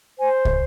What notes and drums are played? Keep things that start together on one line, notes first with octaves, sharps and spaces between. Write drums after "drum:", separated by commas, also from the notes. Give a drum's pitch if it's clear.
C5 G#5
drum: kick